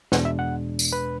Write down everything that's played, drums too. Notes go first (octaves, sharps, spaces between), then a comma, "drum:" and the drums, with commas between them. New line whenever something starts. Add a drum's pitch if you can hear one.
E2 B2 G#3 D4 F#5, drum: snare
E5
F#5
drum: tambourine
B4